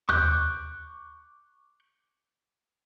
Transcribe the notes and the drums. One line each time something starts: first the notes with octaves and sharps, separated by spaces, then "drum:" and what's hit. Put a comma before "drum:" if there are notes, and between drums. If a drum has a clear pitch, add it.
C#6 D6 F#6 G6, drum: tom D#2